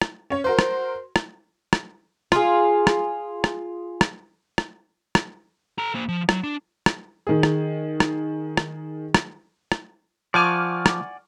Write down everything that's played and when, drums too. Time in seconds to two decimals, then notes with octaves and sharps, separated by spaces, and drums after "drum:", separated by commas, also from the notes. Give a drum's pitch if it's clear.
0.02 drum: rim click
0.30 C#4 C#5
0.44 F#4 A#4 C5 C6
0.59 drum: rim click
1.16 drum: rim click
1.73 drum: rim click
2.32 F4 G#4, drum: rim click
2.87 drum: rim click
3.44 drum: rim click
4.01 drum: rim click
4.58 drum: rim click
5.15 drum: rim click
5.78 A4 A#5
5.95 A#3 C5
6.09 F3
6.29 F#3, drum: rim click
6.44 D4
6.86 drum: rim click
7.27 D#3 G#4
7.43 drum: rim click
8.00 drum: rim click
8.57 drum: rim click
9.14 drum: rim click
9.72 drum: rim click
10.34 F3 D5 F#5 G#5 C#6 D6 F6
10.86 drum: rim click